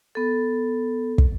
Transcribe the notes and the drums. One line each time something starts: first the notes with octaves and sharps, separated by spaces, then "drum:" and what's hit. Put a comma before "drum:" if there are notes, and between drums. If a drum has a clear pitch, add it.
B3 A4
drum: kick